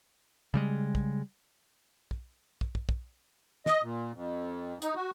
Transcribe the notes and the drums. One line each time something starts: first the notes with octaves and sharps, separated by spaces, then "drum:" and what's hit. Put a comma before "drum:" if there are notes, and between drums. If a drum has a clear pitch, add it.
C#3 G3 G#3
drum: kick
drum: kick
drum: kick
drum: kick
drum: kick
D#5, drum: snare
A#2
F2
D#4, drum: hi-hat
F#4